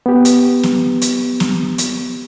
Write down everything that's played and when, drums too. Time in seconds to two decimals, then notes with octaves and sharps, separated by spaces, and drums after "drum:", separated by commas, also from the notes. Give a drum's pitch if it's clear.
0.06 B3 G4
0.25 drum: hi-hat
0.63 drum: snare
1.02 drum: hi-hat
1.40 drum: snare
1.78 drum: hi-hat